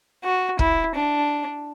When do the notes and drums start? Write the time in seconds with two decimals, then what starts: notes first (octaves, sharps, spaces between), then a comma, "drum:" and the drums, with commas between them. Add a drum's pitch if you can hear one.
0.24 F#4
0.59 E4, drum: kick
0.95 D4